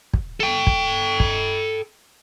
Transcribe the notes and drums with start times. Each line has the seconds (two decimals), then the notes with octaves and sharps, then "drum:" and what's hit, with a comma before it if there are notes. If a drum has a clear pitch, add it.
0.14 drum: kick
0.40 A4 G5
0.67 drum: kick
1.20 drum: kick